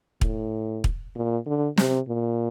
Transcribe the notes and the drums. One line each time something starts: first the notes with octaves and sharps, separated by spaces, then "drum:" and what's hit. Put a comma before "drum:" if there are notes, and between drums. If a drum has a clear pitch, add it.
A2, drum: kick
drum: kick
A#2
D3
C3, drum: snare
A#2